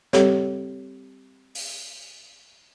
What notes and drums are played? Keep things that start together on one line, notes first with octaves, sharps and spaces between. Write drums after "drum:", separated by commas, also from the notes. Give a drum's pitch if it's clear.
G3 C4 G4 A4 C#5, drum: snare
drum: open hi-hat